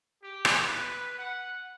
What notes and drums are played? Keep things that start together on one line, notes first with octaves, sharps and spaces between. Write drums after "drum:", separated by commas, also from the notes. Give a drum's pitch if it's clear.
G4
drum: rim click
B4
F#5